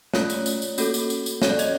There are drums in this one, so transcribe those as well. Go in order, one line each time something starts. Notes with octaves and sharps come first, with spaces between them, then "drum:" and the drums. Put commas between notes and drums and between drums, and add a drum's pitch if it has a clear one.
A3 C#4 F4 C#5, drum: snare
drum: tambourine
drum: tambourine
drum: tambourine
A#3 C#4 F#4 A4, drum: tambourine
drum: tambourine
drum: tambourine
drum: tambourine
C#4 F#4 A4 C#5, drum: snare
D5
D#5, drum: tambourine